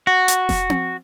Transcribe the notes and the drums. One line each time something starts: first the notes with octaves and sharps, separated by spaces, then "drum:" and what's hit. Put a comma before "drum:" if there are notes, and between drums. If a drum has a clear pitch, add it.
F#4
drum: hi-hat
drum: snare F1
drum: tom C4